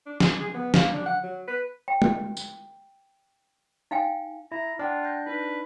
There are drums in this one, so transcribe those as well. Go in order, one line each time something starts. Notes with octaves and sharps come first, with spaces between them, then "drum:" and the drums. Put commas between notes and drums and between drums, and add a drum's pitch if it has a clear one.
D4
G#4, drum: snare
G#4
B3
A#3, drum: snare
D4
F#5
F#3
B4
G5
drum: tom
drum: tambourine
D#4 F5 G5 G#5
E4 A#5
D4 F4 F#5 G5 F6
G6 A#6
D#4 B4